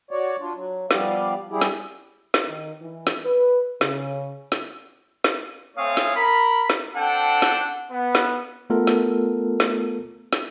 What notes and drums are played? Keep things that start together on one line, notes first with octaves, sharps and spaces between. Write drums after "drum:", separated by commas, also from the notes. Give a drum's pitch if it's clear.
F#4 C#5 D5
D4 F4
F#3
F3 G3 B3 G4 D5 F5, drum: snare
G3 E4 G4 G#4
drum: snare
drum: snare
D#3
E3
drum: snare
B4
C#3, drum: snare
drum: snare
drum: snare
A3 C4 C#5 F5 G#5 D#6
drum: snare
A#4 B5
drum: snare
C4 D4 A4 F#5 G5 A5
drum: snare
B3
drum: snare
A3 B3 F4 A4 A#4
drum: snare
drum: snare
drum: snare